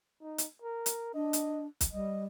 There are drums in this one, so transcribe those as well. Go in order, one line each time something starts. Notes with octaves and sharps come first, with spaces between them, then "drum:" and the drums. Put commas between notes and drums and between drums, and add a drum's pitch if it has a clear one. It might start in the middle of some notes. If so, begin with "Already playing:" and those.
D#4
drum: hi-hat
A#4
drum: hi-hat
D4 D#5
drum: hi-hat
drum: kick B1, hi-hat
G3 D#5